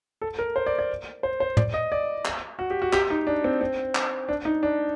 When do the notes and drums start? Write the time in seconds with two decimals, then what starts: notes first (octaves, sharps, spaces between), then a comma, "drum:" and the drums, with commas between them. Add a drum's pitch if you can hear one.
0.21 A4
0.39 A#4
0.56 C5
0.66 D5
0.79 D5
1.23 C5
1.40 C5
1.57 D5, drum: tom
1.74 D#5
1.92 D5
2.25 drum: clap
2.59 F#4
2.70 G4
2.82 F#4
2.93 G4, drum: clap
3.10 D#4
3.27 D4
3.44 C4
3.61 C4
3.95 drum: clap
4.29 D4
4.45 D#4
4.63 D4